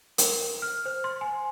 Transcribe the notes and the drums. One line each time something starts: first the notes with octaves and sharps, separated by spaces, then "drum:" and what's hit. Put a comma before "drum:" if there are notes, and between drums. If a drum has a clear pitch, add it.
A#4, drum: hi-hat
F6
C5
C6
G#5